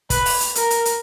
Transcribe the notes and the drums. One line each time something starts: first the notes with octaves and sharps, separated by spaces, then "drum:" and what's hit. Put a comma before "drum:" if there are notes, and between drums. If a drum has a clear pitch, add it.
B4, drum: kick, hi-hat
drum: open hi-hat
drum: hi-hat
A#4, drum: hi-hat
drum: hi-hat
drum: hi-hat